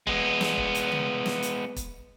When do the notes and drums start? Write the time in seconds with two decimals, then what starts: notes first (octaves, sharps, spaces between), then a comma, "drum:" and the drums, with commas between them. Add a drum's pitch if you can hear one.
0.07 G#3 B3, drum: kick
0.41 drum: snare
0.58 drum: kick
0.75 drum: hi-hat
0.92 drum: tom C#3
1.26 drum: snare
1.43 drum: hi-hat
1.76 drum: kick, hi-hat